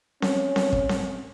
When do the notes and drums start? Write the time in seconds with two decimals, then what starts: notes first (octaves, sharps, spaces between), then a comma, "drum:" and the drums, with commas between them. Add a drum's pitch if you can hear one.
0.22 C#4, drum: snare C4
0.56 drum: snare C4
0.73 drum: kick
0.89 drum: snare C4